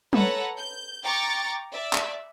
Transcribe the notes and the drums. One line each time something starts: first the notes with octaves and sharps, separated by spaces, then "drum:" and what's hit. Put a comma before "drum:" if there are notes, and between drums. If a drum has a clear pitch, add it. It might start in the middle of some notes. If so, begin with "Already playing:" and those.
A4 B4 C#5 F#5 A#5, drum: tom F#3
G6
G5 A#5 C#6 D6 A6
D5 E5
drum: clap